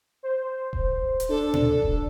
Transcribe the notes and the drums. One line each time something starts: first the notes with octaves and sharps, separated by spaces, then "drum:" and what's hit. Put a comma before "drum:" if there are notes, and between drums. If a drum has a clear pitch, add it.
C5
drum: kick D#1
drum: hi-hat
D4 A4
drum: tom A#2
drum: kick D#1